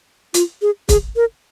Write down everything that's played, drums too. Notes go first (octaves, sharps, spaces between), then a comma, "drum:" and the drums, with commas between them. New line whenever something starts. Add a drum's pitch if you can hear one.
F4, drum: hi-hat
G#4
G#4, drum: kick, hi-hat
A#4